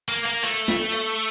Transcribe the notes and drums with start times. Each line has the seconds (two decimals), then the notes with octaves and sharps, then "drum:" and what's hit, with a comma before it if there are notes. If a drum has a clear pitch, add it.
0.09 A#3
0.26 A#3
0.44 A3, drum: hi-hat
0.68 drum: snare
0.92 drum: hi-hat